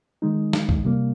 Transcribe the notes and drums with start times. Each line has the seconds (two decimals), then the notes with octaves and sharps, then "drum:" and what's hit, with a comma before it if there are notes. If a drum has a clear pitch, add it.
0.22 D#3 G#3 D#4
0.53 drum: snare
0.69 drum: kick
0.84 C3 G3 A#3